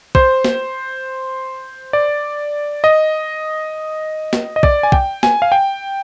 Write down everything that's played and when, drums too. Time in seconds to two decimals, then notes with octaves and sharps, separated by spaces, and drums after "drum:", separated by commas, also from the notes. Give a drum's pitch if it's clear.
0.15 C5, drum: kick
0.45 drum: snare
1.93 D5
2.84 D#5
4.33 drum: snare
4.56 D#5
4.63 D5, drum: kick
4.83 G#5
4.92 G5, drum: kick
5.23 G#5, drum: snare
5.42 F5
5.52 G5